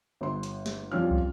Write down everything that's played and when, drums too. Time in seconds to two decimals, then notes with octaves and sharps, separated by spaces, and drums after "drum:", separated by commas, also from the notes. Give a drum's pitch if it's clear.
0.21 G1 C6
0.43 drum: hi-hat
0.66 drum: snare
0.92 F2 F3 G3 C#4 F4 F6
1.11 drum: kick